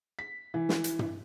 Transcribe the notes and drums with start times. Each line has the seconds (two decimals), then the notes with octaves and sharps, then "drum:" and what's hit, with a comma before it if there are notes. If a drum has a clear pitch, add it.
0.19 B6
0.54 E3
0.69 drum: snare
0.84 drum: hi-hat
0.99 drum: tom